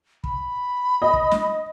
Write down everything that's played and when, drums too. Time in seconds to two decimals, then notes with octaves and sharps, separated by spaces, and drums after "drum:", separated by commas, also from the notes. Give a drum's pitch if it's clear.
0.24 B5, drum: kick
1.02 D#5
1.13 drum: kick
1.31 drum: snare